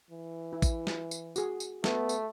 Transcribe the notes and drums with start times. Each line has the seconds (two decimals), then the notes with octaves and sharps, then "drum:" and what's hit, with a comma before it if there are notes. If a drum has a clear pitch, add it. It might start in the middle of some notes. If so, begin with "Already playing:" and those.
0.11 E3
0.53 E4
0.62 drum: kick A1, tambourine
0.87 drum: snare
1.11 drum: tambourine
1.36 F#4 G#4, drum: tambourine
1.60 drum: tambourine
1.84 A3 B3, drum: snare
2.09 drum: tambourine